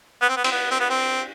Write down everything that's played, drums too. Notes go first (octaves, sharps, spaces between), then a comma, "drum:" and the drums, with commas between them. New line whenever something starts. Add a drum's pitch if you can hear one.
B3
C4
B3
C4, drum: cymbal
B3
C4
B3
C4